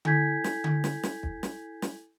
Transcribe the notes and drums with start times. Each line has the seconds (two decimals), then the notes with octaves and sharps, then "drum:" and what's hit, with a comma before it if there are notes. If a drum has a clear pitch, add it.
0.05 E4 A4 G#5 G6 G#6 B6, drum: tom D3
0.44 drum: snare
0.64 drum: tom D3
0.84 drum: snare
1.03 drum: snare
1.23 drum: kick
1.43 drum: snare
1.82 drum: snare